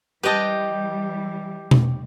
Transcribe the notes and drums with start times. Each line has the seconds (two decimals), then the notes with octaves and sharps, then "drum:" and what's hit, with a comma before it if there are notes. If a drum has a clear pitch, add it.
0.23 E3 G3 G4 B4 D#5 G5 A5
1.71 drum: tom B2